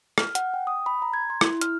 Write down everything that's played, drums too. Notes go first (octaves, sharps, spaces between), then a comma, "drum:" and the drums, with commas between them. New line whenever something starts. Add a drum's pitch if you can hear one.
F6, drum: rim click
F#5, drum: hi-hat
G5
D#6
B5
A#5
G#6
C6
E4, drum: rim click
F6, drum: hi-hat